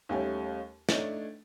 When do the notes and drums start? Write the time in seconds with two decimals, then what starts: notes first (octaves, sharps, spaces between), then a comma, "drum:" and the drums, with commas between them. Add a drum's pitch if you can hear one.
0.09 D#2 G3 A3 C#4 G#5
0.89 A3 D4 D#4 C#5, drum: snare